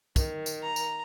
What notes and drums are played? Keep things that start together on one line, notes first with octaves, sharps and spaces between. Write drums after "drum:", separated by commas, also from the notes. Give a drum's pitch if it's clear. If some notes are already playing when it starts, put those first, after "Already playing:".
D#3, drum: kick, tambourine
drum: tambourine
A#5
drum: tambourine